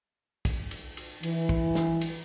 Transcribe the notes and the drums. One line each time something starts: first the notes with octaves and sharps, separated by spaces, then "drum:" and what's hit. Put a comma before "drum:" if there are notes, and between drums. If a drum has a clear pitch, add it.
drum: kick, cymbal
drum: cymbal
drum: cymbal
E3, drum: cymbal
drum: kick
drum: snare
drum: cymbal